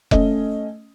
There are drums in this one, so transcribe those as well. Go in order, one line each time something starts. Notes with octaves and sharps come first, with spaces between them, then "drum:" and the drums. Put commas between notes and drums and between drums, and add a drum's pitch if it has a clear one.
A3 C#4 D#5, drum: kick F1